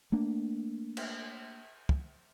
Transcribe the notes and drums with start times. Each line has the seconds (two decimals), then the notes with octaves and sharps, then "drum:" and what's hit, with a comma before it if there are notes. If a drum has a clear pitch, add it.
0.12 A3 A#3 D4
0.97 drum: cymbal
1.89 drum: kick